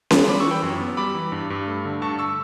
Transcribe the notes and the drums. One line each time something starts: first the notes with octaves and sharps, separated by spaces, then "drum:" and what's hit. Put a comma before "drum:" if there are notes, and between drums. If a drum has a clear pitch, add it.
B3, drum: snare C#4
G3 B5 D6
C#6 E6
E3 G5 B5
F#2
B3
G3 B5 D6
E3
G2
G2
A3
D3
G2 A5 C#6
C#6 E6